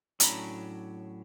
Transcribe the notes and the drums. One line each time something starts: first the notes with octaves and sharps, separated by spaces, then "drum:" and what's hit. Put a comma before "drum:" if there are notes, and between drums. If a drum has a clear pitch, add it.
A2 F#3 C#4 D4 A#5 B5, drum: hi-hat